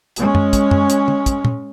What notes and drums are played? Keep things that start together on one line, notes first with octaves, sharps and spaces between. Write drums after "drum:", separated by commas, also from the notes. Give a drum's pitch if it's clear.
G#3 C#4, drum: hi-hat
drum: tom
drum: kick, hi-hat
drum: tom
drum: hi-hat
drum: tom
drum: kick, hi-hat
drum: tom